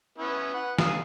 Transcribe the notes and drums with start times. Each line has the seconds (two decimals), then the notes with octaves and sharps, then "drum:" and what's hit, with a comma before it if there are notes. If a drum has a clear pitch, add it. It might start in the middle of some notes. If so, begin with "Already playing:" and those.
0.18 B3 C#4 E4
0.54 B4 F#5
0.79 F5 G#5 D#6, drum: snare